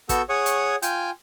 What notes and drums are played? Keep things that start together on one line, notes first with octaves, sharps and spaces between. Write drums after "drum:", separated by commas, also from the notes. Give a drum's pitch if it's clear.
B3 F#4 A4 C#6 E6 G6, drum: kick, hi-hat
G#4 C#5 F#5 C#6 D#6
drum: hi-hat
F4 G5 G#5 G6, drum: hi-hat